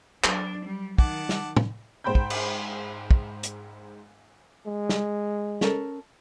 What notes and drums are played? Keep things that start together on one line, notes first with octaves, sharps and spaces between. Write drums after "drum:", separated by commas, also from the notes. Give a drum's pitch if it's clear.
F#3 D4, drum: clap
G3
D#3 F#5 A5 D6, drum: kick
drum: snare
drum: tom
G#2 C5 G5 B5 G6
drum: kick
drum: cymbal
drum: kick
drum: hi-hat
G#3
drum: snare
C#4 A4 A#4, drum: snare